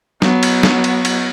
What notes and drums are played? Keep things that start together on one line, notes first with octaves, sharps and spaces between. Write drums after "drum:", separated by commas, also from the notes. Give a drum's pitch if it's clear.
F#3 B3, drum: snare
drum: cymbal
drum: snare
drum: cymbal
drum: cymbal